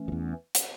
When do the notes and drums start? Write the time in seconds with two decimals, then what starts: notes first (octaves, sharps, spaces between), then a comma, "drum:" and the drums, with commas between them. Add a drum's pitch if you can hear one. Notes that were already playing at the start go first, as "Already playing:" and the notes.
Already playing: E3 A3 C#4
0.08 F2
0.12 E2
0.55 drum: hi-hat